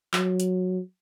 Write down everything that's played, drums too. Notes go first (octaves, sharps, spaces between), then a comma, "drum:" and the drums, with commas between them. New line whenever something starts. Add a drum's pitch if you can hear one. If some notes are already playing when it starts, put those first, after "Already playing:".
F#3, drum: clap
drum: hi-hat